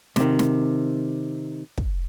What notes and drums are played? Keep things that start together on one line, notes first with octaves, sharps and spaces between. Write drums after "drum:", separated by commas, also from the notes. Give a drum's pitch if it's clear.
C3 D#3, drum: snare
drum: snare
drum: kick